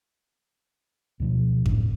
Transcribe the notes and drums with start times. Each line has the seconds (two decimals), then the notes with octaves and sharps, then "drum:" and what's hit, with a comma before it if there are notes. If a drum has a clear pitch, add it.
1.20 D2 B2 F3
1.66 D2 A2, drum: kick F2